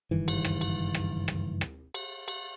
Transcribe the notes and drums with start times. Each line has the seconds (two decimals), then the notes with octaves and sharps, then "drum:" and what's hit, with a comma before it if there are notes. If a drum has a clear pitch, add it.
0.11 F#1 G2 D#3 E3
0.28 drum: cymbal
0.45 drum: rim click
0.61 drum: cymbal
0.95 drum: rim click
1.28 drum: rim click
1.61 drum: rim click
1.94 drum: cymbal
2.28 drum: cymbal